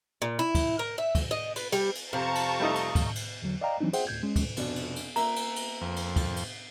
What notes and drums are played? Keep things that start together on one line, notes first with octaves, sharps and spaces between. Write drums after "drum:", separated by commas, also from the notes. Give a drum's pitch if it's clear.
A#2
E4
drum: kick, cymbal
A#4
E5
drum: kick, cymbal
D#5
B4, drum: cymbal
G3, drum: cymbal
drum: cymbal
F2 C3 F5 A5 A#5 C#6
drum: cymbal
G3 A3 D#4
drum: cymbal
drum: kick, cymbal
drum: cymbal
E2 D3 F#3
D5 D#5 F5 G5 A#5
E3 F#3 C4 D4 D#4
G#4 C5 E5 F#5 G5, drum: cymbal
D2 A2 G6 G#6
G#3 C#4
drum: kick, cymbal
F1 B2 D4, drum: cymbal
drum: cymbal
drum: cymbal
A#3 E5 A#5, drum: cymbal
drum: cymbal
drum: cymbal
F2
drum: cymbal
drum: kick, cymbal
drum: cymbal